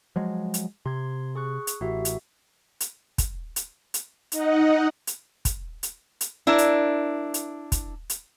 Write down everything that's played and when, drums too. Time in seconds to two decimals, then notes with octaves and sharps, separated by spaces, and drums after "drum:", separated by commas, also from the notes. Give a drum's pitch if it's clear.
0.16 F3 F#3 G#3
0.54 drum: hi-hat
0.86 C3 C6 G#6
1.35 G#4 C#6 F#6
1.67 drum: hi-hat
1.81 A1 F#4 G4 E5
2.05 drum: hi-hat
2.80 drum: hi-hat
3.18 drum: kick, hi-hat
3.56 drum: hi-hat
3.94 drum: hi-hat
4.32 D#4 D#5 F#5, drum: hi-hat
5.07 drum: hi-hat
5.45 drum: kick, hi-hat
5.83 drum: hi-hat
6.21 drum: hi-hat
6.47 D4 E4 A#4
6.58 drum: hi-hat
7.34 drum: hi-hat
7.72 drum: kick, hi-hat
8.10 drum: hi-hat